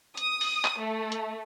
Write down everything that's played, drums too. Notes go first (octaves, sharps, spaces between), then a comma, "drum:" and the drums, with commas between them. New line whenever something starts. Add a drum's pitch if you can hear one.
D#6, drum: hi-hat
drum: open hi-hat
drum: clap
A3
drum: hi-hat